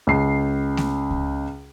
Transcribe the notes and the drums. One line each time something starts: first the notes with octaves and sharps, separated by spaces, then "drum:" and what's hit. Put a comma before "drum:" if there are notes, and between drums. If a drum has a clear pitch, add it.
C#2 C7
drum: snare A3
drum: kick C#2